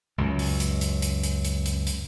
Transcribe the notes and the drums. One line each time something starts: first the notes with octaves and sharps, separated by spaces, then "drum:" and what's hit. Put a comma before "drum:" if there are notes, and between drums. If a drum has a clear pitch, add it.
C#2 F#2
drum: open hi-hat
drum: hi-hat
drum: hi-hat
drum: hi-hat
drum: hi-hat
drum: hi-hat
drum: hi-hat
drum: hi-hat